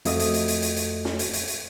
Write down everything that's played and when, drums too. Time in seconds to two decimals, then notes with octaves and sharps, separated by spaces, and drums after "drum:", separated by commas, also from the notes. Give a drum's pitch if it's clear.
0.05 F2 A3 F#4 A4 D#5 D#6, drum: hi-hat
0.20 drum: hi-hat
0.34 drum: hi-hat
0.48 drum: hi-hat
0.62 drum: hi-hat
0.76 drum: hi-hat
1.05 drum: snare
1.19 drum: hi-hat
1.33 drum: hi-hat
1.48 drum: hi-hat